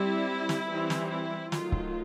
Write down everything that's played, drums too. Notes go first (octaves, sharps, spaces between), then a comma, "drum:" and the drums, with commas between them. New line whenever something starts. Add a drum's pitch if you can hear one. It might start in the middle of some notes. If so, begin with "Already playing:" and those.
Already playing: G3 C4 E4
drum: snare
E3 G3 C4
drum: snare
E4
D#3 F#3 A3 F4, drum: snare
drum: kick C#1